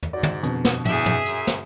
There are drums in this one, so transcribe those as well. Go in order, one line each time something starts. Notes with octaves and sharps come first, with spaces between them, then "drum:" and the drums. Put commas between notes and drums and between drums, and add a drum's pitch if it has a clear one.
drum: tom
G#2 F#4 D5
drum: tom
F2 B2 D3, drum: hi-hat
drum: snare
E2 G#4 E5, drum: tom
drum: tom
F#2, drum: hi-hat
drum: snare